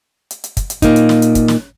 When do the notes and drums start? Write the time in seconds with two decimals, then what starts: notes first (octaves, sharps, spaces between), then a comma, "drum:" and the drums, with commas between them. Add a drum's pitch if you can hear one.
0.31 drum: hi-hat
0.44 drum: hi-hat
0.57 drum: kick, hi-hat
0.70 drum: hi-hat
0.82 A#2 A#3 D#4, drum: kick, hi-hat
0.96 drum: hi-hat
1.09 drum: snare
1.22 drum: hi-hat
1.35 drum: kick, hi-hat
1.48 drum: snare